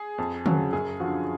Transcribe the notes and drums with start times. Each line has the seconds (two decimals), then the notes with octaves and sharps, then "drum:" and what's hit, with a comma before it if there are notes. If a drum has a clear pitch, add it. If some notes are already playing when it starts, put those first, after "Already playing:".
Already playing: G#4
0.18 F2
0.46 C#3 F#3, drum: tom
0.73 F#2 G#4
1.00 D3 F3 F#4